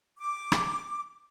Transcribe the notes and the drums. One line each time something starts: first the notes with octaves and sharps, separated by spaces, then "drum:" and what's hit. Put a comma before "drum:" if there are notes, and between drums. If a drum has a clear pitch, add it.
D6
drum: rim click